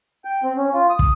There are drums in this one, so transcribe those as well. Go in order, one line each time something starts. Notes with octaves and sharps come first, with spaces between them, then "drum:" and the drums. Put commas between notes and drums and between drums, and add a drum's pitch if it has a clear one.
G5
C4
C#4
F4
D#6
drum: kick